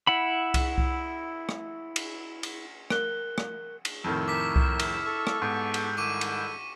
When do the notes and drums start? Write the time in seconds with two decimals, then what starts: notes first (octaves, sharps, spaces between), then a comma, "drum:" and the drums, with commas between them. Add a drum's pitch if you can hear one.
0.07 E4 F#5 B5
0.54 drum: kick C2, cymbal
0.78 drum: kick C2
1.49 drum: rim click
1.96 drum: cymbal
2.43 drum: cymbal
2.90 A#4 F#6 G7, drum: rim click
3.38 drum: rim click
3.85 drum: cymbal
4.04 F2 A2 D#3 E4 E6 F6
4.28 A#4 D6 B6
4.56 drum: kick C2
4.79 drum: cymbal
5.05 A4 C#6
5.27 drum: rim click
5.42 G#2 B3 E4 G4
5.74 drum: cymbal
5.97 D#3 G3 E4 A4 C#6 D6 D#7
6.21 drum: cymbal